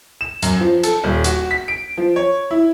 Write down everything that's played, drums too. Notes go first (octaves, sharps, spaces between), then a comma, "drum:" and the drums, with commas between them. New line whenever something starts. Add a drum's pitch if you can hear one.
E7
F#2, drum: hi-hat
F3
A4, drum: hi-hat
D#1
F#4, drum: hi-hat
B6
D7
F3
C#5
E4